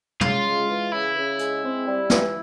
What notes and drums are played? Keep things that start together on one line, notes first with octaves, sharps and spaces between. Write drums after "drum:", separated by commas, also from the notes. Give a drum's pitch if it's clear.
C#3 F4, drum: tom
G#3
E3
C#3 E4
C#3
G#3, drum: hi-hat
C4
G3
E3, drum: snare